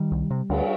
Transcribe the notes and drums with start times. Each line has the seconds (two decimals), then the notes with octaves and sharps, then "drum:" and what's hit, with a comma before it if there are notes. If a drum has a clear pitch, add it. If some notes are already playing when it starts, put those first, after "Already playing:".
Already playing: D#3 G3
0.12 C2
0.31 C3
0.50 D2, drum: cymbal